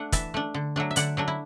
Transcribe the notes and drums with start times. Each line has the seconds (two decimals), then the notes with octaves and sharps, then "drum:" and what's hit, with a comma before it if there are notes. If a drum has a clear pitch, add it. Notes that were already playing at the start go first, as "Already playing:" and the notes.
Already playing: A3 D4 F#5
0.12 E3 E5 A5, drum: kick, hi-hat
0.34 A3 D4
0.54 D3
0.76 F#3 A3 D4
0.91 E5
0.96 D3 D5 F#5, drum: hi-hat
1.17 F#3 A3 D4
1.28 E4